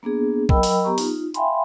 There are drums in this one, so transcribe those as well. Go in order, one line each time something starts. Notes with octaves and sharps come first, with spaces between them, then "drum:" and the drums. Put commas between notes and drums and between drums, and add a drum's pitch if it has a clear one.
A#3 B3 D4 G#4
F#3 A#4 D#5 G5 B5 E6, drum: kick
drum: open hi-hat
B3 G4 A#5 C#6
D#4 F4, drum: open hi-hat
E5 F5 G5 G#5 B5 C6, drum: hi-hat